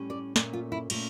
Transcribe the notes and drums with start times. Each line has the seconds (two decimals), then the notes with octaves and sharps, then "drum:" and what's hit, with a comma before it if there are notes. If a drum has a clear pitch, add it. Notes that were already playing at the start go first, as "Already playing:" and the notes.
Already playing: A2 G3 C#4
0.10 D5
0.36 A#2 A3 C#4 D5, drum: snare
0.53 F4
0.72 E4
0.90 A#2 A3 C#4, drum: cymbal